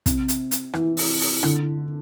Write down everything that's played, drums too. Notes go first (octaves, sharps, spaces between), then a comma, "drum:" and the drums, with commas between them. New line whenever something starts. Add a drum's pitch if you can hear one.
C3, drum: kick, hi-hat
drum: hi-hat
drum: hi-hat
E3, drum: rim click
drum: open hi-hat
drum: open hi-hat
D3, drum: rim click